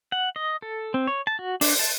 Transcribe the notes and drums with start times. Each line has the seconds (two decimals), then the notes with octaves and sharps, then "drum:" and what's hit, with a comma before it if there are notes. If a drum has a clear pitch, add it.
0.12 F#5
0.36 D#5
0.62 A4
0.94 C4
1.07 C#5
1.27 A5
1.39 F#4
1.61 D4, drum: open hi-hat
1.80 A5